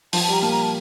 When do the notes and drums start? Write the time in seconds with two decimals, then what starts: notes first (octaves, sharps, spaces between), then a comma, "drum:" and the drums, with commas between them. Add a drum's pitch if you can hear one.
0.13 F3 A5, drum: open hi-hat
0.24 A5
0.28 G3
0.33 A#5
0.42 A#3 A5
0.52 A#5
0.62 A5